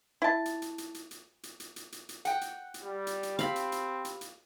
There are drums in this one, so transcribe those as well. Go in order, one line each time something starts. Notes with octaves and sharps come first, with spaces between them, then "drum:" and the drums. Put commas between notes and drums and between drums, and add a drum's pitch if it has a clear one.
E4 A5
drum: hi-hat
drum: hi-hat
drum: hi-hat
drum: hi-hat
drum: hi-hat
drum: hi-hat
drum: hi-hat
drum: hi-hat
drum: hi-hat
drum: hi-hat
F#5 G5, drum: hi-hat
drum: hi-hat
drum: hi-hat
G3 G4
drum: hi-hat
drum: hi-hat
C4 F5 B5, drum: hi-hat
drum: hi-hat
drum: hi-hat
drum: hi-hat
drum: hi-hat